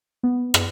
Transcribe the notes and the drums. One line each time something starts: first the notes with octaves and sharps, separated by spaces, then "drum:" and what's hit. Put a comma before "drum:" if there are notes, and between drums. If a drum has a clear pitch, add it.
B3
drum: rim click